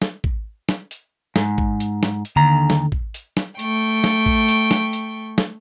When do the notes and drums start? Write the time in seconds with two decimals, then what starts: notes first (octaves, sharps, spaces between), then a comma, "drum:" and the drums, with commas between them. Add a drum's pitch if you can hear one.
0.02 drum: snare
0.24 drum: kick
0.69 drum: snare
0.91 drum: hi-hat
1.36 G#2, drum: snare
1.58 drum: kick
1.80 drum: hi-hat
2.03 drum: snare
2.25 drum: hi-hat
2.36 D#2 D3 A#5
2.70 drum: snare
2.92 drum: kick
3.14 drum: hi-hat
3.37 drum: snare
3.59 A3 G5 C#6, drum: hi-hat
4.04 drum: snare
4.26 drum: kick
4.48 drum: hi-hat
4.71 drum: snare
4.93 drum: hi-hat
5.38 drum: snare